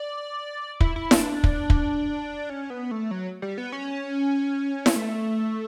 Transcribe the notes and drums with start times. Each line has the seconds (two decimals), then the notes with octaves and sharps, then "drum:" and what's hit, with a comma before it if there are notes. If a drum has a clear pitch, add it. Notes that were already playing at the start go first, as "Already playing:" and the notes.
Already playing: D5
0.80 E4, drum: kick
0.96 E4
1.11 D4, drum: snare E4
1.44 drum: kick
1.70 drum: kick
2.50 C#4
2.70 B3
2.91 A3
3.11 F#3
3.42 G3
3.58 B3
3.72 C#4
4.86 drum: snare E4
4.96 A3